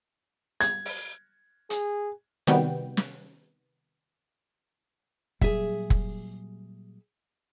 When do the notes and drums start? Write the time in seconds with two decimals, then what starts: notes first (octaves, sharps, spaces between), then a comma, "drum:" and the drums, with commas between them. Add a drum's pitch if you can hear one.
0.61 G#6, drum: hi-hat
0.85 drum: open hi-hat
1.70 G#4, drum: hi-hat
2.47 C3 D#3 G3 B3 F#4 G5, drum: snare
2.97 drum: snare
5.41 A#2 F#3 G3 G#4 E5, drum: kick F1
5.90 drum: kick F1